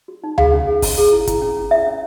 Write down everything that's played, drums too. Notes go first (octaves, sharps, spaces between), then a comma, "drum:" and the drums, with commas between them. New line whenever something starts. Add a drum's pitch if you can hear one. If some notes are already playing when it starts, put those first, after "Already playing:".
F#4
D#4
G#4 F5, drum: tom D2
C#4
G#4
C#4, drum: kick, open hi-hat
G#4
E4
E4, drum: kick, hi-hat
C#4
C#4
C#4 E5
C#4